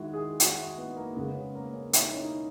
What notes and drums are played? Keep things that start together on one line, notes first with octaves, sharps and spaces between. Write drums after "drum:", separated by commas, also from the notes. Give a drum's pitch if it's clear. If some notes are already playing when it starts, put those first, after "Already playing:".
Already playing: D#3 G#3 E4 F#4
G#4
F#4, drum: hi-hat
E4
B3
A#3
C#3 G#3 B3
C#4
A#3
C#4
E4, drum: hi-hat
D#4
C#4
D#4